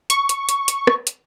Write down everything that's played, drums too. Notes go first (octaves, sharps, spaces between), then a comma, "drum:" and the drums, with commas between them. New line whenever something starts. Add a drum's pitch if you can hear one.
C#6, drum: hi-hat
drum: hi-hat
drum: hi-hat
drum: hi-hat
drum: rim click
drum: hi-hat